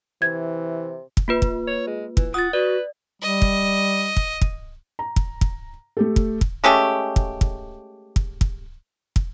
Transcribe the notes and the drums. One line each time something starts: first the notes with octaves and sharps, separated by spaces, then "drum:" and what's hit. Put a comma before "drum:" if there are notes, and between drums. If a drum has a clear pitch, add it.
C3 E3 G#6
drum: kick
A#3 F4 B4
drum: kick
C#5
G#3
E3, drum: kick
F4 F#5 D#6 A6
F#4 B4 D5
G3 D#5
drum: kick
drum: kick
drum: kick
A#5
drum: kick
drum: kick
A3 G4 A4
drum: kick
drum: kick
G#3 A3 C#4 G4
drum: kick
drum: kick
drum: kick
drum: kick
drum: kick